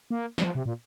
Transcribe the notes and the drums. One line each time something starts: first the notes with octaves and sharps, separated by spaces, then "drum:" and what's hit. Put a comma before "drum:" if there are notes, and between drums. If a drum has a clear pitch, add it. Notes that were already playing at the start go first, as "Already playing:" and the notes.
A#3
G3, drum: snare
F3
C3
A#2